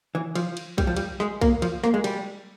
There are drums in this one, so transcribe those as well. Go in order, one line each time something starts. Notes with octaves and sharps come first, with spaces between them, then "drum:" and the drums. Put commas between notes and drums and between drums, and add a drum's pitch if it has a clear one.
E3
F3, drum: cymbal
drum: cymbal
G3, drum: kick B1, cymbal
F3
G3, drum: cymbal
G#3, drum: snare
A#3, drum: kick B1, cymbal
F3, drum: cymbal
A#3, drum: snare
G#3
G3, drum: cymbal